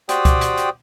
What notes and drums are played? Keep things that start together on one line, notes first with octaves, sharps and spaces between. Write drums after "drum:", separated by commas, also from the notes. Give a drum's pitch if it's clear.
F#4 G4 C5 D5 G5 D#6, drum: hi-hat
drum: kick C#2, hi-hat
drum: hi-hat
drum: hi-hat